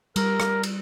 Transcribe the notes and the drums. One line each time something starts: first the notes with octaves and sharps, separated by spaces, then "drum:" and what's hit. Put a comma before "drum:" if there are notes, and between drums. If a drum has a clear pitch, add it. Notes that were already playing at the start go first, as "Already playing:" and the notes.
G3 A#4, drum: cymbal
drum: rim click
drum: cymbal